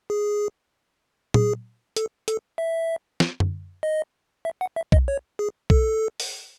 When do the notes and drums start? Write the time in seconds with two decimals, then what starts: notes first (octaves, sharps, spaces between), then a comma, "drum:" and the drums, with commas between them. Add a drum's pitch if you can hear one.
0.10 G#4
1.34 G#4, drum: tom A#2
1.96 A4, drum: hi-hat
2.28 A4, drum: hi-hat
2.58 E5
3.20 drum: snare
3.40 drum: tom F#2
3.83 D#5
4.45 E5
4.61 F#5
4.76 E5
4.92 D#5, drum: kick B1
5.08 C#5
5.39 G#4
5.70 A4, drum: kick B1
6.20 drum: open hi-hat